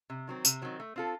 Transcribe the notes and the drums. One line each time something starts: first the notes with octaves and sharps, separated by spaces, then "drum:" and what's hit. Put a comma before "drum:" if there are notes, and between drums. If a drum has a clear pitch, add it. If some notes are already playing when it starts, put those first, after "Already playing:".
C3
D#3 F#3 C4
C3, drum: tambourine
D#3 F#3 C4
A3
C4 F4 A4